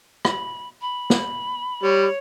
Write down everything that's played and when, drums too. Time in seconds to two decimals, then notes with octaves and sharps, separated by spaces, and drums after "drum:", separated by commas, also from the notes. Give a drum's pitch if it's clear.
0.25 B5, drum: rim click
0.81 B5
1.10 drum: snare
1.83 G3 C#5